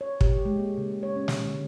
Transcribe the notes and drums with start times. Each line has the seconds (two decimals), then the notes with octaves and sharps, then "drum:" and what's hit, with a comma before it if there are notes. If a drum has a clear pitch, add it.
0.01 C#5
0.21 G4, drum: kick
0.45 G#3
0.59 A#3
0.78 C#3
1.03 C#5
1.16 C#4
1.28 drum: snare
1.46 D3